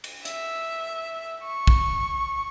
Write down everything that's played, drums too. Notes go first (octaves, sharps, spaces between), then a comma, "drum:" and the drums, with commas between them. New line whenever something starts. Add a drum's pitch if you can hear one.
drum: cymbal
E5, drum: hi-hat
C#6
drum: kick